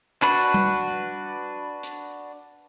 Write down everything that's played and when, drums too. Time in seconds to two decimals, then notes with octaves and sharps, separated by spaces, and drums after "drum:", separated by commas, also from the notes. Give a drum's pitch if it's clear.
0.22 D4 F#4 B4, drum: clap
0.54 drum: tom G3
1.83 drum: hi-hat